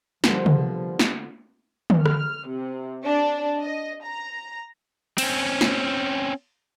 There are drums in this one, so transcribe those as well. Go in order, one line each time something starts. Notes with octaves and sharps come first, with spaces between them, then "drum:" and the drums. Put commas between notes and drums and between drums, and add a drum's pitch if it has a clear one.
D3 F3 G3 A#3 B3 C5, drum: snare
drum: tom
drum: snare
drum: tom
F6, drum: rim click
C3
D4
D#5
A#5
C4 C#4, drum: cymbal
drum: snare